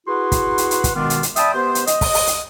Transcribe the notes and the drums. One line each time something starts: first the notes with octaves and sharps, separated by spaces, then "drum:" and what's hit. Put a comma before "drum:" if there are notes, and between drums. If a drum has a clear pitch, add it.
E4 F#4 G#4 B4 F#5 C6
drum: kick, hi-hat
drum: hi-hat
drum: hi-hat
drum: kick, hi-hat
B2 D#3 G#3 B3 D4 F4
drum: hi-hat
drum: hi-hat
D5 E5 G5 A5 B5 D#6, drum: hi-hat
B3 G4 B4 C5
drum: hi-hat
D#5, drum: hi-hat
drum: kick, open hi-hat
drum: open hi-hat
drum: hi-hat